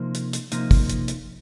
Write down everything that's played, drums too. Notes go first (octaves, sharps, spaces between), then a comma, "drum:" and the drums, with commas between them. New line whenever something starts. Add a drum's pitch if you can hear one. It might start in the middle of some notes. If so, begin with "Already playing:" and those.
Already playing: C3 F3 A#3 D#4
drum: hi-hat
drum: hi-hat
C3 F3 A#3 D#4, drum: hi-hat
drum: kick, open hi-hat
drum: hi-hat
drum: hi-hat